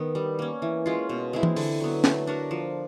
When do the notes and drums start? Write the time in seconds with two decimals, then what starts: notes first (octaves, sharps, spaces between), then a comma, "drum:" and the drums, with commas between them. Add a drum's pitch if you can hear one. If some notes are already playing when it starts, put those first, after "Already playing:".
Already playing: D#3 B3
0.15 G3
0.39 A#3 C#4
0.62 E3
0.86 G#3 C#4 F4
1.09 B2
1.33 G#3 C4 E4
1.43 drum: tom E3
1.56 D3, drum: open hi-hat
1.80 F#3 B3
2.04 A3, drum: snare
2.27 D4 F#4 A#4
2.51 F3